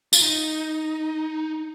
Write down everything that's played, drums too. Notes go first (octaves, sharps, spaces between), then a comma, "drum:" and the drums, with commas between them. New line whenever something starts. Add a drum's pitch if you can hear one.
F4, drum: tambourine
D#4